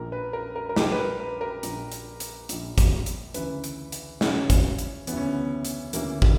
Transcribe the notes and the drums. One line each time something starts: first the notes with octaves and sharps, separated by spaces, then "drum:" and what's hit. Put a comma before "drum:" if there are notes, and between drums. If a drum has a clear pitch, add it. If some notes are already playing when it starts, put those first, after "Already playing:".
Already playing: A#1 A#2 A#4
B4
A#4
A#4
A#4
A#1 A#2 G4, drum: snare
B4
A#4
B4
A#4
A#1 A#2, drum: hi-hat
drum: hi-hat
drum: hi-hat
A#1 A#2, drum: hi-hat
drum: kick, hi-hat
drum: hi-hat
D2 C#3 E3 B4, drum: hi-hat
drum: hi-hat
drum: hi-hat
D2 C#3 E3 C#4, drum: snare
drum: kick, hi-hat
drum: hi-hat
D2 C#3 E3 B3, drum: hi-hat
C#4
B3
drum: hi-hat
D2 C#3 E3 A#3, drum: hi-hat
drum: kick